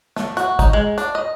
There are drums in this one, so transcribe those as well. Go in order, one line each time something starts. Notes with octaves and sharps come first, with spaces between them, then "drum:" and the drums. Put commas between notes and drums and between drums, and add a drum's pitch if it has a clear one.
A3, drum: snare
F#4, drum: hi-hat
D#4, drum: kick, hi-hat
G#3
D4, drum: hi-hat
D#5